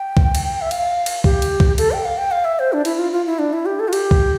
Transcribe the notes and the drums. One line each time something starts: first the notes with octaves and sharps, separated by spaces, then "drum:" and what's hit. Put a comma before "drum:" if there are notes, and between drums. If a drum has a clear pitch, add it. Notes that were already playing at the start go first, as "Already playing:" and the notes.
Already playing: G5
drum: kick
drum: cymbal
E5
F5, drum: cymbal
drum: cymbal
G4, drum: kick
drum: cymbal
drum: kick
A4, drum: cymbal
G5
F5
G5
F5
E5
C5
D4
E4, drum: cymbal
F4
F4
E4
D4
E4
G4
A4
F4
G4, drum: cymbal
drum: kick